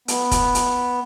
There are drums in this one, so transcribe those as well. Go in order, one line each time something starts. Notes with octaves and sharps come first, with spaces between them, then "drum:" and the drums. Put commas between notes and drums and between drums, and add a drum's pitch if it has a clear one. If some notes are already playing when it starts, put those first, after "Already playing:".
B3, drum: hi-hat
drum: kick, hi-hat
drum: hi-hat